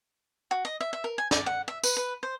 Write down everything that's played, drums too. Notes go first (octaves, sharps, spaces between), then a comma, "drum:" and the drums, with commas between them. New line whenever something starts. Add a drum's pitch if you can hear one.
F#4
D#5
E5
E5
A#4
G#5
D5, drum: snare
F#5
E5
B4, drum: tambourine
B4
C5